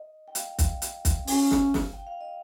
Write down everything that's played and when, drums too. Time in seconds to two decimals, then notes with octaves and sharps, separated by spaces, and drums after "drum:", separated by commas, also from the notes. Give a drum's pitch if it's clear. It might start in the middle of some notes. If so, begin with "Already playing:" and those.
Already playing: D#5
0.28 G5
0.35 F5, drum: hi-hat
0.59 drum: kick, hi-hat
0.82 drum: hi-hat
1.05 drum: kick, hi-hat
1.27 C#4, drum: open hi-hat
1.51 drum: snare
1.74 drum: snare
1.93 G5
2.07 F5
2.21 D#5